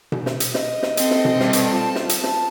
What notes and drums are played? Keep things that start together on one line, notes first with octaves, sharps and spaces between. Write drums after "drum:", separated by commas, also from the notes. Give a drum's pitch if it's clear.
drum: tom B2
drum: snare
drum: hi-hat
D#5, drum: snare
drum: snare
C4 A4, drum: hi-hat
drum: snare
drum: tom B2
G2, drum: snare
drum: hi-hat
F4 A5
drum: snare
drum: hi-hat
drum: snare